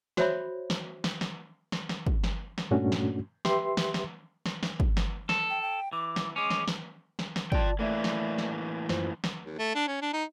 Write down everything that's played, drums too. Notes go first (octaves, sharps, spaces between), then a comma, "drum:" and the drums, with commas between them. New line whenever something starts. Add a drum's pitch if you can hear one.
F#4 C5 C#5 E5 B5, drum: snare
drum: snare
drum: snare
drum: snare
drum: snare
drum: snare
drum: kick
drum: snare
drum: snare
G2 A#2 A3 C#4 D4 F#4
drum: snare
G4 B4 E5 C6, drum: snare
drum: snare
drum: snare
drum: snare
drum: snare
drum: kick
drum: snare
A4, drum: snare
G5
G5
E3 D6
drum: snare
G#3 C#4 D6
drum: snare
drum: snare
drum: snare
drum: snare
F4 D5 G5 A5, drum: kick
A2 E3 A3 A#3 D5 E5
drum: snare
drum: snare
F#2 F4 C5, drum: snare
drum: snare
D#2
A3
D4
C#4
D4
D#4